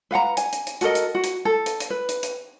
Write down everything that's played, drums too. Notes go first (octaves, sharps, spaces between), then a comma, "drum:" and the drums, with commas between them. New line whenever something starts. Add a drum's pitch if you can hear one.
B4 F5 F#5 A#5
G#5, drum: hi-hat
drum: hi-hat
drum: hi-hat
F#4 A4 A#4 D#5, drum: hi-hat
drum: hi-hat
F#4
drum: hi-hat
A4
drum: hi-hat
drum: hi-hat
B4
drum: hi-hat
drum: hi-hat